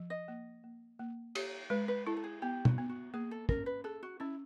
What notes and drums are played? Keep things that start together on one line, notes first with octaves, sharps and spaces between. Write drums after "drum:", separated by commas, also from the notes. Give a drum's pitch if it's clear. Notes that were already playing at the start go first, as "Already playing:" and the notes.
Already playing: F3
D#5
A#3
A#3
A#3
G4, drum: cymbal
G#3 B4
B4
E4 A4
A4
G#4
B3 G4
F#4, drum: tom
B3
F#4
A#3 G#4
A4
C#4 A#4, drum: kick
B4
G#4 A4
F#4
C#4 E4